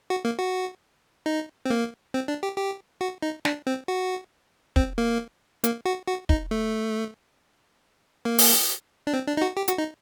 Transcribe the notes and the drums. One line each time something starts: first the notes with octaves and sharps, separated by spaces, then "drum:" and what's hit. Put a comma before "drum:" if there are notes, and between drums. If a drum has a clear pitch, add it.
F#4
A#3
F#4
D#4
C4
A#3
C4
D4
G4
G4
F#4
D#4
D4, drum: snare
C4
F#4
C4, drum: kick
A#3
A#3, drum: hi-hat
F#4
F#4
D#4, drum: kick
A3
A#3
drum: open hi-hat
D4
C4
D4
D#4
F#4
G4
F#4, drum: hi-hat
D#4